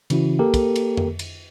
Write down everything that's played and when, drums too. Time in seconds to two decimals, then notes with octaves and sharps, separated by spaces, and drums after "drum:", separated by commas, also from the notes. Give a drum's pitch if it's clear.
0.10 C#3 E3 C#4 E4 F#4, drum: cymbal
0.39 A#3 G4 A4 A#4
0.54 drum: kick, cymbal
0.76 drum: cymbal
0.97 drum: tom F2
1.19 drum: cymbal